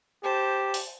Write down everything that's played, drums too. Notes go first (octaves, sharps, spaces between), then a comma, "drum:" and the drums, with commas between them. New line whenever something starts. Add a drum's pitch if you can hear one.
G4 C5 A5
drum: open hi-hat